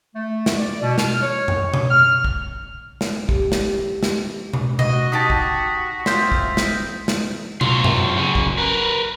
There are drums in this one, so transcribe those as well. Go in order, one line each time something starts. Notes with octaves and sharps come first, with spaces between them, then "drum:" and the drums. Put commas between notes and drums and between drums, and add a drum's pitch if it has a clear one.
A3
drum: snare
D5
B2
F6, drum: snare
C#5
drum: tom F#2
drum: tom B2
F6
drum: kick
drum: snare
G4, drum: kick
drum: snare
drum: snare
drum: tom B2
F#4 D#5 A#6, drum: tom B2
D#4 G4 A5 D#6 A#6 B6
drum: kick
C4 F4 E5 G6 B6, drum: snare
drum: kick
drum: snare
drum: snare
F#3 F4, drum: tom B2
drum: tom F#2
C#3 F#3
drum: kick
A#4 B4